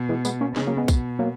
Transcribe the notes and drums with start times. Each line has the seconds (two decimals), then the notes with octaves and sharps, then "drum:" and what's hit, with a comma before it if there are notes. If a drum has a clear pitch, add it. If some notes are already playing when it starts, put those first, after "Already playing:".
Already playing: B2
0.09 E3 G#3
0.25 G#3 B3, drum: tambourine
0.41 A#3 C#4
0.56 C#3 G#3 B3, drum: snare
0.67 F#3 A#3
0.77 G#3 B3
0.88 B2, drum: kick, tambourine
1.19 F#3 A#3